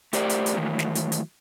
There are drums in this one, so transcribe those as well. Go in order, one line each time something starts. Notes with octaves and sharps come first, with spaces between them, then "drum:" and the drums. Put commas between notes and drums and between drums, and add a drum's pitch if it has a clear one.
A3 G4 A#4 C5 D5, drum: hi-hat
drum: hi-hat
drum: hi-hat
D#3 E3 F#3 A3
drum: snare
drum: hi-hat
drum: hi-hat